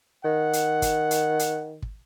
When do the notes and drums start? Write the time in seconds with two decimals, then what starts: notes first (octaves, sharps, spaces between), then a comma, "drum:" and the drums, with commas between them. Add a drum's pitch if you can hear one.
0.25 D#3 F#5
0.53 drum: hi-hat
0.82 drum: kick, hi-hat
1.11 drum: hi-hat
1.39 drum: hi-hat
1.82 drum: kick